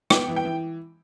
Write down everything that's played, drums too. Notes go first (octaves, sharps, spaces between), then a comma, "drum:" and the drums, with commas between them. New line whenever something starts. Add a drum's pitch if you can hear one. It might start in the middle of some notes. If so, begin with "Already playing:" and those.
B3 G5, drum: rim click
E3
G5
E3